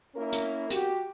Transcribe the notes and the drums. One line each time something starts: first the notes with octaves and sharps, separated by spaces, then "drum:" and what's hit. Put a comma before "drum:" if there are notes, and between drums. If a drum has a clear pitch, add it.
A#3 C#4 E4 A#4
drum: hi-hat
F#4 G4, drum: hi-hat